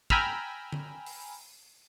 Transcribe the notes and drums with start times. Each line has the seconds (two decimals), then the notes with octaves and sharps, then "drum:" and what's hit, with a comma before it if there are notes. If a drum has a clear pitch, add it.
0.10 G5 G#5 A#5 B5 E6 F6, drum: kick
0.72 drum: tom D3
1.06 drum: open hi-hat